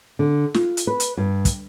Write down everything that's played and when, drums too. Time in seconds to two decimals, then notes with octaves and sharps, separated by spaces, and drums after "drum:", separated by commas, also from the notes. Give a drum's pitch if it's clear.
0.19 D3
0.54 F4, drum: snare
0.77 drum: hi-hat
0.87 B4
1.00 drum: hi-hat
1.17 G2
1.45 drum: kick, hi-hat